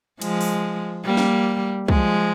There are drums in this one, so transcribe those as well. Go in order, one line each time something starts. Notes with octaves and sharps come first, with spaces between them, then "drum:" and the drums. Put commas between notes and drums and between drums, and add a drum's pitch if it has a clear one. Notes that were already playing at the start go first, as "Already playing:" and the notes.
F3 G#3, drum: cymbal
drum: open hi-hat
G3 A#3
drum: snare
F3 G#3, drum: kick